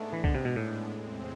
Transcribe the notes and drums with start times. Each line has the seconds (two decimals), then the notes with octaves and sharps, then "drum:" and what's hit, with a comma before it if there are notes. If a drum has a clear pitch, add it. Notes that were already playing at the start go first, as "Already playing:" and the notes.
Already playing: G#2 G#3 A3 B3 D4
0.13 E3
0.24 D3, drum: kick
0.35 C3
0.45 B2
0.56 A2
0.88 E2 C3 G#3 C4